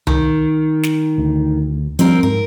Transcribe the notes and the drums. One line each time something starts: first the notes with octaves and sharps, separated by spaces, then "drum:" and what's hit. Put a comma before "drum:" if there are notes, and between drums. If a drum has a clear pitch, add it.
D#3, drum: tom C2
drum: snare
D2
F3 G3 C4 D4 A#4, drum: hi-hat
G#2 A#4